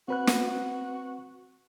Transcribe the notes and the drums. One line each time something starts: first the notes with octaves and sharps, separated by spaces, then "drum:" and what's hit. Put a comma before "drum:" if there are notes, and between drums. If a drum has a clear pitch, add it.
C4 F#4 B4 F#6
drum: snare